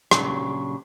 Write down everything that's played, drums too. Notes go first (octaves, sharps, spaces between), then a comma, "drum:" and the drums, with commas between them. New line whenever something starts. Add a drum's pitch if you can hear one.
A#2 C#3 F#3 D4 G4, drum: rim click